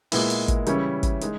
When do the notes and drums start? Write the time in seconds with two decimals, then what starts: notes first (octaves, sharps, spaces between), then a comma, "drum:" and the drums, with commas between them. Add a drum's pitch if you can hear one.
0.12 A#2 G#3 B3 E4, drum: open hi-hat
0.30 drum: hi-hat
0.48 drum: kick, hi-hat
0.66 C#3 E3 G3 C#4 E4, drum: hi-hat
1.03 drum: kick, hi-hat
1.21 G#3 D#4, drum: hi-hat